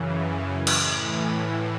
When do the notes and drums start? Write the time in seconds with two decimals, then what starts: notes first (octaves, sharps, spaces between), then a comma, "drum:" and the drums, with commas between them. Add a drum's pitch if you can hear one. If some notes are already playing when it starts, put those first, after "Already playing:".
Already playing: F#2 C#3 E3
0.20 A5
0.50 G#5
0.67 drum: cymbal
0.81 A2 E3 G#5
1.11 G#5
1.42 F#5